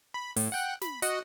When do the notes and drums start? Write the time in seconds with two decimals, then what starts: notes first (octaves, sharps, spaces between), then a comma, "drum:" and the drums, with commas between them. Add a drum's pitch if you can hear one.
0.14 B5
0.37 A2, drum: open hi-hat
0.52 F#5 G5 F#6
0.82 B5, drum: snare
1.02 F#4 D#5 F#5, drum: hi-hat